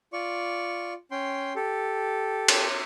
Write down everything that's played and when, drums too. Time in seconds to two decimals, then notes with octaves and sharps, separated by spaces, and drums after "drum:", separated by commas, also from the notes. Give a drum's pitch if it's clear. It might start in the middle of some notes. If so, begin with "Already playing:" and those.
0.13 F4 D5 C#6
1.11 C#4 G5 C6
1.56 G4 A4
2.48 drum: cymbal